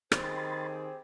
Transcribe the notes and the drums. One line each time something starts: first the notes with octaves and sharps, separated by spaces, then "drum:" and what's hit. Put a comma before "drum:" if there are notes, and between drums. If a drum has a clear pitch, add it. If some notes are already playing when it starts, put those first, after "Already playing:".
D#3 C4 G4 G#4 C5 B5 C6 A6, drum: rim click